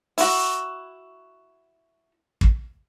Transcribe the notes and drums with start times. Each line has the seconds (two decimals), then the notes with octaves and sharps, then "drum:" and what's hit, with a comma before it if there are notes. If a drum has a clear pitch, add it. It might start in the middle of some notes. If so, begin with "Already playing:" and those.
0.18 E4 F#4, drum: open hi-hat
2.41 drum: kick